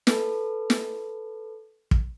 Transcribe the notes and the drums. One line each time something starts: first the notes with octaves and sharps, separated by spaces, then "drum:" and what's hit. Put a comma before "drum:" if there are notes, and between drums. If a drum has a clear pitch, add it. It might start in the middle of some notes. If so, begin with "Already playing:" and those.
A4 B4, drum: snare
drum: snare
drum: kick